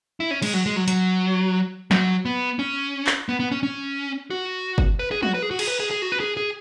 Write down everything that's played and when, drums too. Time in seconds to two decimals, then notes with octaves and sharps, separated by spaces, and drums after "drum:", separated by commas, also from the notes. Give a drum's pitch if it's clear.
0.20 E4
0.31 C#4
0.42 G#3, drum: cymbal
0.54 F#3
0.66 G#3
0.76 F#3
0.88 F#3, drum: hi-hat
1.91 F#3, drum: snare
2.25 B3
2.59 C#4
3.07 drum: clap
3.29 B3
3.40 B3
3.52 C#4
3.63 C#4
4.30 F#4
4.78 drum: kick G1
4.99 B4
5.11 G#4
5.22 F#4, drum: tom
5.34 B4
5.43 G#4
5.51 F#4
5.59 G#4, drum: cymbal
5.68 B4
5.80 G#4
5.91 G#4
6.02 F#4
6.12 B4
6.20 G#4
6.37 G#4